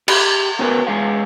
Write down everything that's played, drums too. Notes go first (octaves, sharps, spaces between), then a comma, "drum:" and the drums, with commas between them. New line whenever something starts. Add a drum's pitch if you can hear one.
G4, drum: cymbal
B3 F#4 A#4 B4 C#5 G#5
G#3 G#4 F5 F#5 G#5